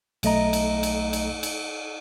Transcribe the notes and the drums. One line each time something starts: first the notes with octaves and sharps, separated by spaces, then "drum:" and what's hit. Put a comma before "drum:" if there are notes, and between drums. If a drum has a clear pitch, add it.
B1 A3 D#5 A#5, drum: cymbal
drum: cymbal
drum: cymbal
drum: cymbal
drum: cymbal